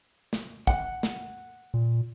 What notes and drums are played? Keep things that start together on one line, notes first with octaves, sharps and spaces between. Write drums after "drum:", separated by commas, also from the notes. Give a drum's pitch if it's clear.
drum: snare
F#5, drum: kick A#1
drum: snare
A#2